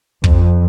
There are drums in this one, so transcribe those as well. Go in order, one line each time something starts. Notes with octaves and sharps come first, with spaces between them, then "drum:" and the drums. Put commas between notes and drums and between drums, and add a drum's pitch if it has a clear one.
F2, drum: kick